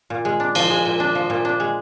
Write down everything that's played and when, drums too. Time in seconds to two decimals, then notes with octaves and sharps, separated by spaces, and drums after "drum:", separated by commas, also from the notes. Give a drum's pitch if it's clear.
0.10 A#2
0.25 G#3
0.40 D4
0.55 F3, drum: cymbal
0.70 G#3
0.85 A#2
1.00 D4
1.15 F3
1.30 A#2
1.45 D4
1.60 G#3